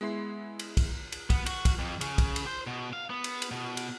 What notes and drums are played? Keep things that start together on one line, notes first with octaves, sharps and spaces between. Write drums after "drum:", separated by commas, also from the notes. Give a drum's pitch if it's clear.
G#3 B3 E4 C6 C7
drum: cymbal
drum: kick, cymbal
drum: cymbal
B3, drum: kick, cymbal
F#4, drum: cymbal
drum: kick, cymbal
F2
C#3, drum: cymbal
drum: kick, cymbal
drum: cymbal
C5
B2
F5
B3
drum: cymbal
drum: cymbal
B2
drum: cymbal